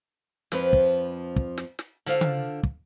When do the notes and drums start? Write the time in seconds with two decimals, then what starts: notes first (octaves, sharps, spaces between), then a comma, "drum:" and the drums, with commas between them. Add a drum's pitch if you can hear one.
0.52 F2 F3 C4 B4, drum: snare
0.73 drum: kick
1.36 drum: kick
1.58 drum: snare
1.79 drum: snare
2.06 D3 D4 F4 C5 F5
2.21 drum: tom C#3
2.63 drum: kick